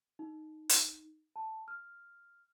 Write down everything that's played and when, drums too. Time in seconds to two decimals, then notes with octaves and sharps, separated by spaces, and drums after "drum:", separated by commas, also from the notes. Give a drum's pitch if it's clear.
0.19 D#4
0.69 drum: hi-hat
1.36 A5
1.68 F6